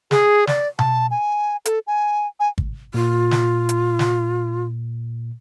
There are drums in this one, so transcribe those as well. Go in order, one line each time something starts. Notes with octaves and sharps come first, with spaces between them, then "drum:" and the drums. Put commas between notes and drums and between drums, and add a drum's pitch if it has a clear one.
G#4, drum: snare
D5, drum: snare
A5, drum: tom B2
G#5
A4, drum: hi-hat
G#5
G#5
drum: kick
A#2 F4
drum: snare
drum: hi-hat
drum: snare